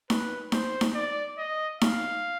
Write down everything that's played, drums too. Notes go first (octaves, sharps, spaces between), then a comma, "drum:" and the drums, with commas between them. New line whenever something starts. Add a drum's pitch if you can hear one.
B4, drum: snare D#4
C5, drum: snare D#4
drum: snare D#4
D5
D#5
F5, drum: snare D#4